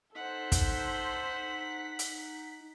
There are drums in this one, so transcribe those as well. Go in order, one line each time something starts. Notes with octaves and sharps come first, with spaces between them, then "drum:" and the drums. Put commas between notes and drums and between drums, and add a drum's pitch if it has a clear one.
D#4 A4 C5 F#5 B6
drum: kick, hi-hat
drum: hi-hat